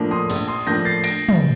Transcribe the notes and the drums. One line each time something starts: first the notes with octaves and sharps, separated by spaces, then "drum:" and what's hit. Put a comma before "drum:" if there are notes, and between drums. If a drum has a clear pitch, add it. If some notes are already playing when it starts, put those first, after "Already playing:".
Already playing: A2 F3 A#3 D4
C6 D#6
A#1, drum: cymbal
C6 D#6
A2 F3 A#3 D4 G6 A#6
A6 C7
A#6 D7, drum: cymbal
drum: tom